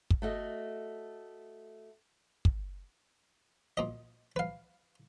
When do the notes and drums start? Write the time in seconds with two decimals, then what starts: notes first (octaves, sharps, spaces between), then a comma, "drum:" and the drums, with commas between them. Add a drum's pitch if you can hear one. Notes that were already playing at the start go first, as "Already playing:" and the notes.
0.10 drum: kick
0.22 A3 F#4 D#5
2.45 drum: kick
3.77 A#2 D#5
4.36 B4 F5